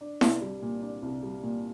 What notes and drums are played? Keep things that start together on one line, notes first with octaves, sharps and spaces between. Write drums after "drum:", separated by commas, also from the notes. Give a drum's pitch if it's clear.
D4
C2, drum: snare E4
G3
A#2
D4
C2
G3
A#2